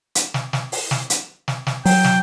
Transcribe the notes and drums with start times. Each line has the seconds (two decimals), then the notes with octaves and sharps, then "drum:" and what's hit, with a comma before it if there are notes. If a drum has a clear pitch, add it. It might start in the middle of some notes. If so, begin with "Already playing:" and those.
0.15 drum: hi-hat
0.34 drum: snare
0.53 drum: snare
0.72 drum: open hi-hat
0.91 drum: snare
1.10 drum: hi-hat
1.48 drum: snare
1.67 drum: snare
1.85 F#3 G5, drum: open hi-hat
2.04 drum: snare